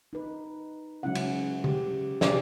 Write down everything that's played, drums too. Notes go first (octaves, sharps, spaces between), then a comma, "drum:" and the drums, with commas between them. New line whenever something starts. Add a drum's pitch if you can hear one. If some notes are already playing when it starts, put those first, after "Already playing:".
D#4 B4
C#3 F#3 G#3 C#4 E4 F#5
drum: cymbal
G4, drum: tom C#3
C3 G4 G#4 D5, drum: snare